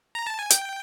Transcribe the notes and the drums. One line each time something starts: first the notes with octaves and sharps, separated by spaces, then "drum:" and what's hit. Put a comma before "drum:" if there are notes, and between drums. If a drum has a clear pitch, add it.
A#5
A5
G#5
G5, drum: hi-hat